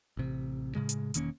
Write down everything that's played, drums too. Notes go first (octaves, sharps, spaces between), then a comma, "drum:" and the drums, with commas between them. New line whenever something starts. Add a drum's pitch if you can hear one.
A1 C3
A2 C#3 G#3
drum: hi-hat
E1 D#3 A#3 C#4, drum: hi-hat